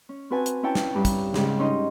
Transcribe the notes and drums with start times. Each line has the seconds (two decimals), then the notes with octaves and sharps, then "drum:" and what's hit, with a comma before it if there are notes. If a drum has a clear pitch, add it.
0.09 C#4
0.30 C4 F#4 B4 G#5 A5
0.46 drum: hi-hat
0.63 C#4 E4 C#5 G5 A5
0.75 drum: snare
0.93 G2 A#5
1.05 drum: kick, hi-hat
1.34 G#2 C#3 G4, drum: snare
1.59 C#4 D#4 D#5 C6